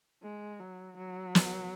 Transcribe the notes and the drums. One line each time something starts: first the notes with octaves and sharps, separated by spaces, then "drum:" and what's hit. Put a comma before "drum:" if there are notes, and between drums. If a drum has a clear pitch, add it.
G#3
F#3
F#3
drum: snare